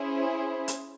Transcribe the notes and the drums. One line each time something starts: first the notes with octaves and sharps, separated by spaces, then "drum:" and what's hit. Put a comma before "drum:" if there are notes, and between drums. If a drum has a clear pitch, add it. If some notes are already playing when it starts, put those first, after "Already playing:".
Already playing: C#4 E4 G#4 C5
drum: hi-hat